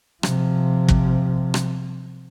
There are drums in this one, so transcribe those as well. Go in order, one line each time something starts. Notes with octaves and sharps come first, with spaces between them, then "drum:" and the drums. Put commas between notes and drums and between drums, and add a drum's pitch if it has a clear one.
C3 F3, drum: rim click
drum: kick
drum: rim click